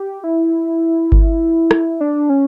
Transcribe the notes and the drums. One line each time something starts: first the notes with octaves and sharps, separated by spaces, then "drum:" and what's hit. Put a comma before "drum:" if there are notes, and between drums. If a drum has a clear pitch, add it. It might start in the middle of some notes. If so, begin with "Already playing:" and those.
Already playing: G4
E4
drum: kick G1
drum: rim click
D4
C#4